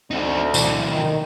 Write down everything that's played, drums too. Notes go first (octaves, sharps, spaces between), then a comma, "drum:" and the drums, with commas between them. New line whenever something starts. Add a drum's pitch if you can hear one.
D2 C4 D#4
B1 E3, drum: tambourine
D#3